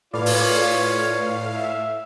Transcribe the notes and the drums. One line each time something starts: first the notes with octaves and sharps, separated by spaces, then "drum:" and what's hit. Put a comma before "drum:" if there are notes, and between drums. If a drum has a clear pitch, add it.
A2 F4 A4 B4 C#5 D5 F5
drum: open hi-hat
E5